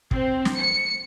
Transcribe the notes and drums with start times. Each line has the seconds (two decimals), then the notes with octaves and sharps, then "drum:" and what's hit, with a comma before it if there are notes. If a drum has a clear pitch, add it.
0.11 C4, drum: kick
0.45 drum: snare
0.57 C#7